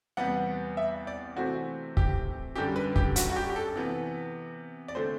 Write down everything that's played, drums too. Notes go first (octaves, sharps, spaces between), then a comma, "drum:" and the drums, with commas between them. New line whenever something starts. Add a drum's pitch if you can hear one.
E2 C3 G3 B3 F#5
E5
D5
C3 E3 A3 C4 F#4
G4, drum: kick
F#2 D3 G3 G4
B4
G4, drum: kick
F#4, drum: hi-hat
F#4
G4
G4
A4
C3 E3 B3
D5
D3 A3 C4 C5